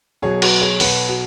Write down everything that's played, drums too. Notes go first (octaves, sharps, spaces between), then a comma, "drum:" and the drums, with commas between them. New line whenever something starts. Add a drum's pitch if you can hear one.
B1 B2 F#3 G#4 C#5
F#4 B4, drum: cymbal
G#4 C#5
B1 B2 F#3 F#4 B4, drum: open hi-hat
F#4